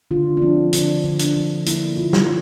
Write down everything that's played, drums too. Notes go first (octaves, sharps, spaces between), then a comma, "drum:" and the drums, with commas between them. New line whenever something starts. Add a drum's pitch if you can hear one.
D3 F4
D4
F3 C4
D3 D4, drum: hi-hat
D3
D4, drum: hi-hat
F3
A#3 E4, drum: hi-hat
D3 F4
drum: snare